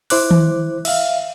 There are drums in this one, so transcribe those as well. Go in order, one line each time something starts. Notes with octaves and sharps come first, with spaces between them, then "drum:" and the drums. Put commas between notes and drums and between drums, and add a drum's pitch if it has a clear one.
E4 C5 D6 F#6, drum: open hi-hat
drum: tom D#3
E5 F5, drum: cymbal